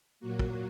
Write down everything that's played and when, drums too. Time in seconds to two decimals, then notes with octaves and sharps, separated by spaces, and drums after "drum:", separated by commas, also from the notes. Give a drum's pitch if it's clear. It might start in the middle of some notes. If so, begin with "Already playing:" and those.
0.20 A#2 F#3 A#3 F#4
0.39 drum: kick